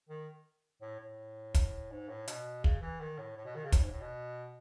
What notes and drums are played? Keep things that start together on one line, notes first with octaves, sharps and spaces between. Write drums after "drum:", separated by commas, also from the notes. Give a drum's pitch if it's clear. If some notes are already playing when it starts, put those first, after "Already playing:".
D#3
A2
A2
drum: kick, hi-hat
G#2
A2
B2, drum: hi-hat
C#3, drum: kick
E3
D#3
A2
A2
B2
D#3
C#3
A2, drum: kick, hi-hat
G#2
A2
B2